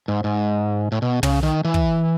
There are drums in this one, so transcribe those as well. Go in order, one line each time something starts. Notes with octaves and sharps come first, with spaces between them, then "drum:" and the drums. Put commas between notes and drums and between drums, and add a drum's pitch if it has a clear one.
G#2
G#2
A2
B2
C#3, drum: tom
D#3
E3
drum: kick